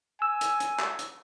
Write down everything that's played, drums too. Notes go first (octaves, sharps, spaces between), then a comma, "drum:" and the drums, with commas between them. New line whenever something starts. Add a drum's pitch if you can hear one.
G#5 E6
drum: hi-hat
drum: hi-hat
drum: clap
drum: hi-hat